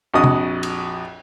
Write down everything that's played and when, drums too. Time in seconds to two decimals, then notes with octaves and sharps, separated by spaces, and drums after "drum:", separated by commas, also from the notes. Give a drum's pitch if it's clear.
0.14 A#1 F2 F#4 D#5 D#6
0.24 drum: tom
0.63 drum: cymbal